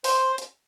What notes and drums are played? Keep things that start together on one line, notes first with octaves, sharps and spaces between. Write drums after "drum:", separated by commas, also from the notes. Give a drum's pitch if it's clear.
C5, drum: open hi-hat
drum: hi-hat